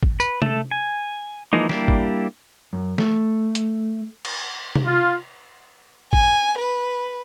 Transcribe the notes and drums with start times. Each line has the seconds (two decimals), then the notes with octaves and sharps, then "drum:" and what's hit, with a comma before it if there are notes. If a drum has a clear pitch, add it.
0.03 drum: kick G#1
0.20 B4, drum: tambourine
0.42 A3 A4, drum: tom C3
0.71 G#5
1.53 E3 F3 G#3 A#3 D#4
1.69 G3 A#3 D4 E4 G4, drum: snare
1.88 drum: kick G#1
2.73 F#2
2.98 A3, drum: snare
3.55 drum: hi-hat
4.25 drum: cymbal
4.75 drum: tom C3
4.86 F4
6.13 G#5, drum: kick G#1
6.59 B4